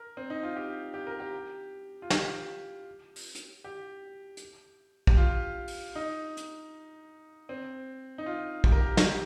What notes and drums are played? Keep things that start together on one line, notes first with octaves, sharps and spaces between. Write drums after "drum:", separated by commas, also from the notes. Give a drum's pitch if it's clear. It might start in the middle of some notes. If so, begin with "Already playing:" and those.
Already playing: A#4
C4
D#4
F4
G4
G4
A#4
G4
F4
G4, drum: snare
drum: open hi-hat
drum: hi-hat
G4
drum: hi-hat
G4, drum: kick
F4
drum: open hi-hat
D#4
drum: hi-hat
C4
D#4
F4
G4, drum: kick
A#4
G4
A#4, drum: snare
G4